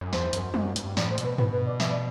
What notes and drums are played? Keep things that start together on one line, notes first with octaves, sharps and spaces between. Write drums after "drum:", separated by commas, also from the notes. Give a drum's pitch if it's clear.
F#2
E2 C5, drum: snare
F#2, drum: hi-hat
F#2, drum: tom G3
G2, drum: hi-hat
A2 D5, drum: snare
C5
B2, drum: hi-hat
B4
B2 B4, drum: tom G2
B4
D5
E5, drum: snare
D5